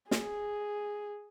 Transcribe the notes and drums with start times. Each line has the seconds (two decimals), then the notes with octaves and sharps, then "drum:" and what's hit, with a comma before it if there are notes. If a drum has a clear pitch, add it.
0.11 G#4, drum: snare